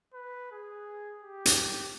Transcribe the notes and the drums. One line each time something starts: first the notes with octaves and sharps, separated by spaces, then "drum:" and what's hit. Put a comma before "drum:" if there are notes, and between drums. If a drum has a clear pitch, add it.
B4
G#4
G4
drum: hi-hat